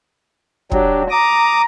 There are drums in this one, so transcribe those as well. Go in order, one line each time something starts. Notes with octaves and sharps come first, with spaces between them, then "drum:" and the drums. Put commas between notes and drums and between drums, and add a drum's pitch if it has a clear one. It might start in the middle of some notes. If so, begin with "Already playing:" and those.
F#3 D4 G4, drum: kick
A#5 D6 D#6